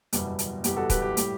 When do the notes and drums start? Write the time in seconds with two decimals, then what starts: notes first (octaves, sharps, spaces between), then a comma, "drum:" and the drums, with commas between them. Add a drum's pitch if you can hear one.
0.13 F#1 E2 B2 G3, drum: hi-hat
0.39 drum: hi-hat
0.64 F#1 E2 B2 G3 G4, drum: hi-hat
0.76 F#4 A4
0.90 G4 B4, drum: kick, hi-hat
1.02 G4
1.17 A2 G3, drum: hi-hat